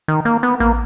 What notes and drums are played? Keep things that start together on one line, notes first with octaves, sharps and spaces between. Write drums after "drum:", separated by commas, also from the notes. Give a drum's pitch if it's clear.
D#3
A#3
B3
A#3, drum: kick A1